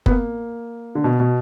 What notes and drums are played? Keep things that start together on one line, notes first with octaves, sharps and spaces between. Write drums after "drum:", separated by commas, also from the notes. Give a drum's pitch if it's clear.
B3, drum: kick F#1
A#3
D3
B2
B2